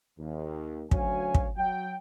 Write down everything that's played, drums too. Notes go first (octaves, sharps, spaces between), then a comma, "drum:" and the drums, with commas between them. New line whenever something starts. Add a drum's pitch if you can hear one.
D#2
D2 F#3 C#4 C#5 F5 G#5, drum: kick
drum: kick
F#3 G5